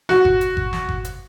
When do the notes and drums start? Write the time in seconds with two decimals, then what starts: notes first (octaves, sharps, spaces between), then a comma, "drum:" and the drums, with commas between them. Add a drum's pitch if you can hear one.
0.09 F#4, drum: snare
0.25 drum: kick G1
0.41 drum: hi-hat
0.57 drum: kick G1
0.73 drum: snare
0.89 drum: kick G1
1.05 drum: hi-hat